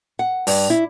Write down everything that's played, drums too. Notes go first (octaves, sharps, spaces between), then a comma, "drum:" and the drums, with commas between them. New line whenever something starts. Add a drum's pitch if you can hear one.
F#5
G2, drum: open hi-hat
E4